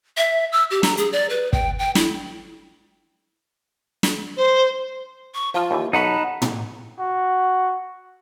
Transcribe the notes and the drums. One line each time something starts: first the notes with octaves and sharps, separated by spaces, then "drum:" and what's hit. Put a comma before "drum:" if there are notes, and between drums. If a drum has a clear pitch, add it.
E5
E6
G4
A#5, drum: snare
G#4, drum: hi-hat
D5
B4
G5, drum: kick
G5
E4, drum: snare
drum: snare
C5
C#6
F3 F4 F5 A5
D#2 E3
B1 F#3 D#4 F#5 A5 B5
drum: tom
F#4